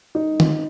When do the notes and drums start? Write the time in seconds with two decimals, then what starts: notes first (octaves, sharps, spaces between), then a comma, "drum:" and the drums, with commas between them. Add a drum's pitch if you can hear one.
0.15 D#4
0.40 drum: tom